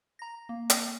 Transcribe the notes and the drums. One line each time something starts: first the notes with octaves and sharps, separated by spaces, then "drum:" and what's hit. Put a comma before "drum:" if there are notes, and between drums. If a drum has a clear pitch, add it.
A#5 A#6
A#3
drum: hi-hat